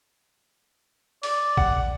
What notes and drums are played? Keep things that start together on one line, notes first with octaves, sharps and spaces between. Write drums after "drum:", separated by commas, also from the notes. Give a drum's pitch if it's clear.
D5, drum: open hi-hat
F#5, drum: kick A1